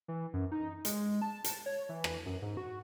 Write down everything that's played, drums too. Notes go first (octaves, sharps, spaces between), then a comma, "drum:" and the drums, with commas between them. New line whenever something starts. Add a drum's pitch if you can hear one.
E3
F#2
D#4
G#3, drum: hi-hat
A5
drum: hi-hat
C#5
E3
drum: rim click
F#2
G#2
F#4